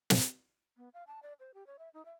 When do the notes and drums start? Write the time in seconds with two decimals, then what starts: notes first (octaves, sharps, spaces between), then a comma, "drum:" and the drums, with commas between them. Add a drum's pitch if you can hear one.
0.10 drum: snare
0.77 B3
0.94 F5
1.07 A5
1.22 D5
1.40 C5
1.54 G4
1.66 C#5
1.79 E5
1.94 D#4
2.05 E5